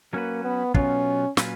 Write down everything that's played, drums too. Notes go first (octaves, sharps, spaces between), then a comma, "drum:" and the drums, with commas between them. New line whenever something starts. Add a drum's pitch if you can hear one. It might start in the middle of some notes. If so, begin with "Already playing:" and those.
F#3 A#3 C#4 F#4 B4
B3
B2 F#3 B3 C#4 F4, drum: kick
A#2 F#3 C#4 F4 B4, drum: snare